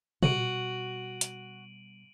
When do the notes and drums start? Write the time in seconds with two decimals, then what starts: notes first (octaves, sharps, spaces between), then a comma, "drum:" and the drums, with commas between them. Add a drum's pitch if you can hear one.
0.23 B2 G3 F#4 D7 D#7 F#7, drum: tom
1.21 drum: hi-hat